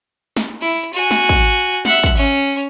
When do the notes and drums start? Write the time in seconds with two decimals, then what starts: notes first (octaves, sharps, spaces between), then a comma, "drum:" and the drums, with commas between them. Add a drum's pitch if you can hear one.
0.37 drum: snare
0.61 E4
0.93 F#4 G#5
1.11 drum: snare
1.29 drum: kick
1.85 E5 F#5, drum: snare
2.04 drum: kick
2.17 C#4